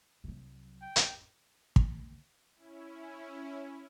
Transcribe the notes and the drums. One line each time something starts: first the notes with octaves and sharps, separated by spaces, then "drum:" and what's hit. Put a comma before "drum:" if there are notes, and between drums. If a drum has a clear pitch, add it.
C2 F#3
G5
drum: hi-hat
drum: kick
C#4 E4